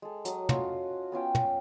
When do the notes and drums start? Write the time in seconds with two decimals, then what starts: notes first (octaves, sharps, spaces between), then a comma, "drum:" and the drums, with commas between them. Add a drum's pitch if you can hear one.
0.02 G#3 A4
0.25 F#3 D#6, drum: hi-hat
0.49 C#4 F4 F#4, drum: tom
1.12 B3 C#4 F4 G5
1.35 drum: tom